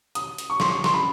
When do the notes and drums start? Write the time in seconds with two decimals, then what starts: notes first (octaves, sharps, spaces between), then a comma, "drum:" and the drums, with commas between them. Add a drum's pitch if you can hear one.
0.15 D#6, drum: hi-hat
0.38 drum: hi-hat
0.50 C#6
0.60 C6, drum: snare
0.69 C#6
0.84 C6, drum: snare
0.94 B5